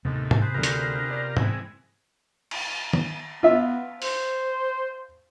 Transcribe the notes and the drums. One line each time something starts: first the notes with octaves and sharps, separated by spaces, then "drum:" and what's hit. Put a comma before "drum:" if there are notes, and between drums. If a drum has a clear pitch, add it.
D#2 A2 C3 G#3 B3
drum: tom
G#4 B4 C5
D2 D3 F4 G4 A#4
drum: hi-hat
D5
E3 G#3 C4, drum: tom
drum: cymbal
drum: tom
B3 F4 E5
C5, drum: open hi-hat